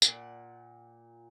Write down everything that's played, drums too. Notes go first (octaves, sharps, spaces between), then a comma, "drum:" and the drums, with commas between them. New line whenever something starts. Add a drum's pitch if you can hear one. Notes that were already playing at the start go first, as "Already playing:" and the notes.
A#2 F#5, drum: tambourine